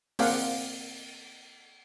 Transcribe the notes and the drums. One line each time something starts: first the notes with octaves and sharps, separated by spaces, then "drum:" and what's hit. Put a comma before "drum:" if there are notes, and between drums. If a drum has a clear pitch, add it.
A#3 C4 G#4 D5 F5 F#5, drum: open hi-hat